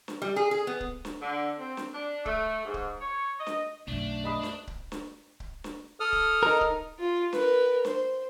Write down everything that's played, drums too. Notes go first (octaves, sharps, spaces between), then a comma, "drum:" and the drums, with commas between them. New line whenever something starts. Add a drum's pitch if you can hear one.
drum: snare
G3
G#4
G#4
B3
drum: kick C#1
drum: snare
D3
C4
drum: snare
D4
A3, drum: kick C#1
G#2
drum: kick C#1
C#5
D#5
drum: snare
B1 F#2 A3 D4
D#5 B5 D#6
drum: snare
drum: kick C#1
drum: snare
drum: kick C#1
drum: snare
A4 D#6 F6
drum: kick C#1
D#4 A#4
drum: kick C#1
F4
A#4 B4, drum: snare
C5, drum: snare